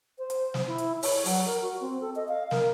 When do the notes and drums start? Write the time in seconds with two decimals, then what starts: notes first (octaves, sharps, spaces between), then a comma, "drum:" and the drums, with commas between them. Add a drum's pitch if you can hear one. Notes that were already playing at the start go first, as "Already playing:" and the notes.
0.18 C5
0.30 drum: hi-hat
0.54 drum: snare
0.67 E4
0.78 drum: hi-hat
1.03 C#5, drum: open hi-hat
1.25 F#3, drum: open hi-hat
1.46 A#4
1.62 F#4
1.81 C4
2.00 A4
2.16 D#5
2.28 F5
2.51 A#4, drum: snare